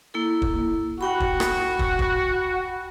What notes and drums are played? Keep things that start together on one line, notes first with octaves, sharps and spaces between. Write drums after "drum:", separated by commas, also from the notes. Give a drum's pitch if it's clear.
A#3 E4 A4
drum: kick
F#4 F#5 G5 B5
drum: kick
drum: rim click
drum: kick
drum: kick